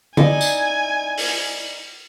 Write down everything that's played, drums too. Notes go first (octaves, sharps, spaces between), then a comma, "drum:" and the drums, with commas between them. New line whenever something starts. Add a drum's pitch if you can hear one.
D#4 E4 D5 G#5, drum: tom
drum: tambourine
drum: open hi-hat